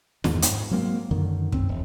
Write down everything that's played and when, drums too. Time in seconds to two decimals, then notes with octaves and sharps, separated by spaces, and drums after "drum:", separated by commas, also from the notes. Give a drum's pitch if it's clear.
0.24 E2 G#2 D#3, drum: snare
0.42 G#2, drum: hi-hat
0.71 F#3 G#3 A#3 C4
1.11 F#2 D3 D#3
1.52 F#2 C4, drum: kick
1.69 E1